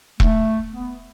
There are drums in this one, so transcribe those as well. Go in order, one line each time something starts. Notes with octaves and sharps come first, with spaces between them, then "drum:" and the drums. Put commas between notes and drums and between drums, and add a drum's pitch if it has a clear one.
A3, drum: kick E1
B3